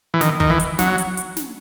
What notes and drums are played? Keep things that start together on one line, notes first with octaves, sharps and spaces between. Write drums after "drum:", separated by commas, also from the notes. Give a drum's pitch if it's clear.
E3
D#3, drum: snare
D#3, drum: kick
E3
drum: hi-hat
F#3, drum: snare
drum: hi-hat
drum: hi-hat
drum: snare